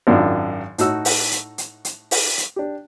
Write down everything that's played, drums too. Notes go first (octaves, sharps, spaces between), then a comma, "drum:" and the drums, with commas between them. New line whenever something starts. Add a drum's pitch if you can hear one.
G#1 F#2 D4 F4
A2 D#4 F#4 E6, drum: hi-hat
drum: open hi-hat
drum: hi-hat
drum: hi-hat
drum: hi-hat
drum: open hi-hat
drum: hi-hat
D4 G4